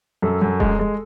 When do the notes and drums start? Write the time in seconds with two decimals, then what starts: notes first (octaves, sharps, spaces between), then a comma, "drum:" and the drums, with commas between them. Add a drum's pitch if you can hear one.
0.22 F#2 A4
0.42 F#2
0.60 G#3, drum: kick D#1
0.79 G#3